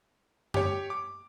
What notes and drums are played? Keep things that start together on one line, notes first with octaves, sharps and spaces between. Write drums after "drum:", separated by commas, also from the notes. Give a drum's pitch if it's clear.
G4 C#5, drum: tom F#2
D6